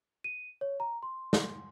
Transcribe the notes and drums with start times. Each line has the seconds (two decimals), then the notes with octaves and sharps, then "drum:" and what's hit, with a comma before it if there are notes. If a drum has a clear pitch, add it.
0.24 D#7
0.61 C#5
0.80 A#5
1.03 C6
1.33 drum: snare